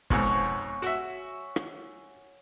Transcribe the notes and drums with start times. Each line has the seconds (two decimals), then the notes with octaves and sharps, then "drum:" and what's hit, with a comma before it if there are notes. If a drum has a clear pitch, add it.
0.10 F2 G#2 B2 C#5 F#5 G#5, drum: kick
0.82 F#4 E5, drum: hi-hat
1.56 drum: rim click